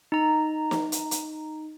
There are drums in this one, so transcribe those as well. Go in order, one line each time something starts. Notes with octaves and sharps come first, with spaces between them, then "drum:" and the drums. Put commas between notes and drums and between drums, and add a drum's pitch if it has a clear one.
D#4 A#5
drum: snare
drum: hi-hat
drum: hi-hat